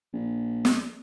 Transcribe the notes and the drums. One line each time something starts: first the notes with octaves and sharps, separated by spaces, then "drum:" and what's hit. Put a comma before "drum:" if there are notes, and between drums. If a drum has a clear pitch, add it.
A#1
drum: snare